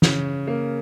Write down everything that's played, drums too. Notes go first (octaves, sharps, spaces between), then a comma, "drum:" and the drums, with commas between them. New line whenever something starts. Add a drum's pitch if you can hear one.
C#3, drum: snare
A#3